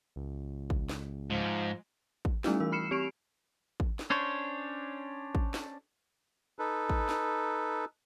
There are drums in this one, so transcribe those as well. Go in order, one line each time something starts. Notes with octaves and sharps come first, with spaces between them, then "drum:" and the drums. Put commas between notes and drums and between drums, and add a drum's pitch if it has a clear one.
C#2
drum: kick
drum: snare
G#2 F3
drum: kick
G3 A3 C#4 D#4 E4 F#4, drum: snare
E3 A#4 E6
B5 F6 C7 C#7 E7
C4 G4 C#6 C7 D7 F7
drum: kick
drum: snare
C#4 D4 C5 C#5
drum: kick
drum: snare
D#4 A4 B4
drum: kick
drum: snare